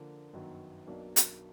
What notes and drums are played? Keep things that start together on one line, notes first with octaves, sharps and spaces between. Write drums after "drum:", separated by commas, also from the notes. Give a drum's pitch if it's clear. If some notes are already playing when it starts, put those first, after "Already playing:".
Already playing: D3 F3 A#3
G1 F#2 D#3 F#3 B3
B1 B2 F#3 A#3 D4
drum: hi-hat